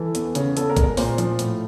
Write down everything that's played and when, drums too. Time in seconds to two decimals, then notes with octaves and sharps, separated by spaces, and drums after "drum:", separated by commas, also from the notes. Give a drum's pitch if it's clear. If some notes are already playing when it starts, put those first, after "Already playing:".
Already playing: E3 A4
0.15 E2, drum: hi-hat
0.35 C#3, drum: hi-hat
0.57 B3 A4, drum: hi-hat
0.70 A#4
0.77 G#3, drum: kick, hi-hat
0.84 A#4
0.97 A#2 C5, drum: open hi-hat
1.18 F3, drum: hi-hat
1.39 A2, drum: hi-hat